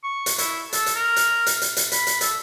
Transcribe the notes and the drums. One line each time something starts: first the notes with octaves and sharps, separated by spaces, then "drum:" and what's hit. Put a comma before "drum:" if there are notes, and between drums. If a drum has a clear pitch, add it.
C#6
drum: hi-hat
E4, drum: hi-hat
A4, drum: hi-hat
drum: hi-hat
A#4
drum: hi-hat
drum: hi-hat
drum: hi-hat
drum: hi-hat
B5, drum: hi-hat
drum: hi-hat
A4, drum: hi-hat